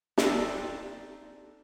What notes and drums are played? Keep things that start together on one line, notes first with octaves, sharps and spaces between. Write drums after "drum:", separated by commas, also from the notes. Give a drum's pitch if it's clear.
C4 D4 D#4 G4 A4, drum: snare